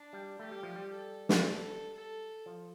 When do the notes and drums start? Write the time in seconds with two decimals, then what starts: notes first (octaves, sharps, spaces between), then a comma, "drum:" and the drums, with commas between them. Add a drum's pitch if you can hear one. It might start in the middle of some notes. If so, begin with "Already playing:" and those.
Already playing: D4
0.13 G3
0.39 A3 G4
0.51 G3
0.63 F3
0.76 G3
0.90 A4
1.29 drum: snare
1.42 A4
1.94 A4
2.46 F3